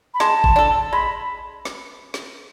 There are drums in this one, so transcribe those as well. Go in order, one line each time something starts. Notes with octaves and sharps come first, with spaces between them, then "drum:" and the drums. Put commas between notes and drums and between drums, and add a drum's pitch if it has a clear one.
B5
G#3 A5, drum: snare
drum: kick G#1
D4 A4
G#3 B5
drum: snare
drum: snare